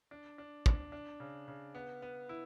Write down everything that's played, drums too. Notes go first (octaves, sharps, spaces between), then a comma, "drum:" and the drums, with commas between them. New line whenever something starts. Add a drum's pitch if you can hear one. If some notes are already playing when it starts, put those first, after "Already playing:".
D4
D4
D4, drum: kick
D4
C#3
C#3
B3
B3
E4